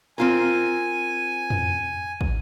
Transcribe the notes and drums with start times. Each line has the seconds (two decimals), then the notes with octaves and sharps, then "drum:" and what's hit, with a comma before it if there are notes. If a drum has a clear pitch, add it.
0.18 C4 F4 A#4 G#5
1.50 drum: tom F2
2.21 drum: kick